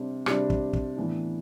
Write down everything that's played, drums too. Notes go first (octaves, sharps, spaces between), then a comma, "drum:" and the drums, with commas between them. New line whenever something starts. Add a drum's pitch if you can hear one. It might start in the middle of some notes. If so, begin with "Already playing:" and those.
Already playing: C3 G3 D4
C3 G3 D4, drum: rim click
drum: kick
drum: kick
A2 E3 B3 D4